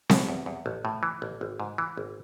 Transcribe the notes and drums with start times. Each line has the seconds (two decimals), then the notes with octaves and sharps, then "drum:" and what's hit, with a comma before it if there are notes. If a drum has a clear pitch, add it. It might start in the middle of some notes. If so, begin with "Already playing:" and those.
0.10 B2, drum: snare C4
0.29 E2
0.46 E2
0.66 A1
0.85 A2
1.03 E3
1.22 A1
1.41 G#1
1.60 G#2
1.78 E3
1.97 G#1